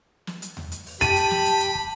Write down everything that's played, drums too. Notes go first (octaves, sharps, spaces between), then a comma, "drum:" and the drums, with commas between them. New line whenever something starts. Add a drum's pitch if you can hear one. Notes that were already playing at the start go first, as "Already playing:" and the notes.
drum: snare
drum: hi-hat
drum: tom D#2
drum: hi-hat
drum: open hi-hat
G4 A5 B5 D#7, drum: hi-hat
drum: hi-hat
drum: snare
drum: hi-hat
drum: hi-hat
drum: kick